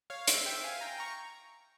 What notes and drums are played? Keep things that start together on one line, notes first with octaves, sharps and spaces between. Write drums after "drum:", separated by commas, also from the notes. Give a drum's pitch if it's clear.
C#5 F5
C5 E5, drum: hi-hat
E5 G5
F5 G#5
G5 A#5
A#5 C#6